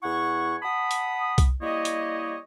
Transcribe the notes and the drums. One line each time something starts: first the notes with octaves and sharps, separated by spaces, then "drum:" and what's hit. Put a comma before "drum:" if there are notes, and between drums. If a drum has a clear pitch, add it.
E2 E4 F#5 G#5 C#6
F#5 A5 B5 D#6
drum: hi-hat
drum: kick C2, hi-hat
G3 A#3 E4 G4 C#5 D#5
drum: hi-hat